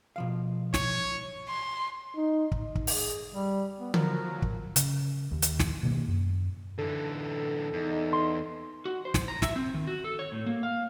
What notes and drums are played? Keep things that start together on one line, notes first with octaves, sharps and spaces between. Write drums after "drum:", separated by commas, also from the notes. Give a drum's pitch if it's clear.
B2 F3 F5
C#5, drum: snare
C6
D#4
drum: kick
drum: kick
G#4, drum: open hi-hat
G3
B3
F3 F#3 A#4, drum: tom D3
drum: kick
C#3, drum: hi-hat
D#2
drum: hi-hat
drum: snare
B2 D#3 A#3
F#2
D3 E3 A4
E2 D#4
C6
F#4
C5
drum: snare
A#5
E5, drum: snare
C4
D#3
F#4
A4
C#5
A2
A#3
F5